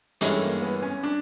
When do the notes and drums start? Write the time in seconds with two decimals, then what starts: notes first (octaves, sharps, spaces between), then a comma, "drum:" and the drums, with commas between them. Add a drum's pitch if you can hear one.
0.21 G2 E3 G#3 A3 C#4 E4, drum: hi-hat
0.41 A#3
0.62 B3
0.82 C#4
1.03 D4